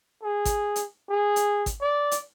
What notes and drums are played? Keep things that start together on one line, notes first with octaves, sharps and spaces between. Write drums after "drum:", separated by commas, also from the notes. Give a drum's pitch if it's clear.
G#4
drum: kick G#1, hi-hat
drum: hi-hat
G#4
drum: hi-hat
drum: kick G#1, hi-hat
D5
drum: hi-hat